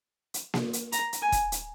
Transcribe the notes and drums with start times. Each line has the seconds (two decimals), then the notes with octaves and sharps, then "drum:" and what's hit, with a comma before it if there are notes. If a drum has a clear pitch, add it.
0.34 drum: hi-hat
0.54 drum: snare A#3
0.73 drum: hi-hat
0.92 A#5, drum: hi-hat
1.13 drum: hi-hat
1.23 G#5
1.32 drum: kick E1, hi-hat
1.52 drum: hi-hat